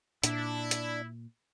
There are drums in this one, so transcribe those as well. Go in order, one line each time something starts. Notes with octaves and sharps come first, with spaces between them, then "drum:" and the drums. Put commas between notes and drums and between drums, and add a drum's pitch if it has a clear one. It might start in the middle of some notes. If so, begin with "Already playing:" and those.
A#2 D4 E4, drum: hi-hat
drum: hi-hat